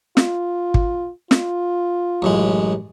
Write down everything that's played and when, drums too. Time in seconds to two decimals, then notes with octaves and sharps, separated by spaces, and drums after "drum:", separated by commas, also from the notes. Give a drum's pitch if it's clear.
0.17 F4, drum: snare
0.74 drum: kick
1.31 F4, drum: snare
2.22 A1 F#2 G#3